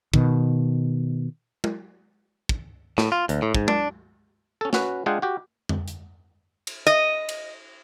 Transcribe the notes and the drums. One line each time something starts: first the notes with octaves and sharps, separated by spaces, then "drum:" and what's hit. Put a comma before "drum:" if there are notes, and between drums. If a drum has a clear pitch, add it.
B2 D#3, drum: kick
drum: tom G#3
drum: kick
A2, drum: snare
F4
D2, drum: hi-hat
A2
G#2, drum: kick
D4, drum: tom G#3
C#4 A4
C#4 F#4 B4, drum: snare
G#3 D4 F4 G#4 F#5 G5
F#4 G4
drum: tom F2
drum: hi-hat
drum: cymbal
D#5
drum: cymbal